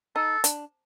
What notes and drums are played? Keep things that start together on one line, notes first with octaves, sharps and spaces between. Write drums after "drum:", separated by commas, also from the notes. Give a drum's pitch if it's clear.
D#4 A4
D4, drum: hi-hat